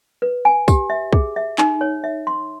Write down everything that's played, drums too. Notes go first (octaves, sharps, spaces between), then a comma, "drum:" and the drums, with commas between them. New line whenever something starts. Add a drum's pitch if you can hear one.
B4
G#5
G4, drum: kick, tambourine
E5
G#4, drum: kick
E5
D#4, drum: clap
C#5
E5
C6